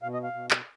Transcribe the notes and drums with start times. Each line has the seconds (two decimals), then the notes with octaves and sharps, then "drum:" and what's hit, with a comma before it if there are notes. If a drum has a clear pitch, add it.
0.03 B2 F5
0.13 D#5
0.23 F5
0.34 B2
0.51 drum: clap